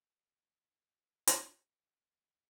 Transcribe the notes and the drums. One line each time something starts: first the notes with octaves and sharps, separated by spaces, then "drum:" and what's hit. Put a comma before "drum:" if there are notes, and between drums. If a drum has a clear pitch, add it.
B6
B5
A#6
drum: hi-hat
G4
F#6
D2
E2